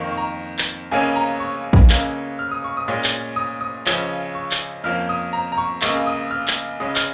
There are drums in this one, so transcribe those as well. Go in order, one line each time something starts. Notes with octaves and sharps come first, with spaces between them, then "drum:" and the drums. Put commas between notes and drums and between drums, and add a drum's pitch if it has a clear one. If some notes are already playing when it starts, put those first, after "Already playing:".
Already playing: F2 D#3 A#3 C#6
C#6
A#5
drum: clap
C#2 C#3 A#3 C#4 G#5
A#5
C#6
drum: kick A#1
C#2 C#3 A#3 C#4, drum: clap
F6
D#6
C#6
D#6
A#2 G#3 C#4
drum: clap
D#6
D#6
C#2 C#3 F3 C#4, drum: clap
C#6
drum: clap
F2 F3 A#3 C#4 F6
D#6
A#5
A#5
C#6
C#2 C#3 A#3 C#6, drum: clap
D#6
F6
drum: clap
C#2 C#3 G#3 C#4 D#6
F6, drum: clap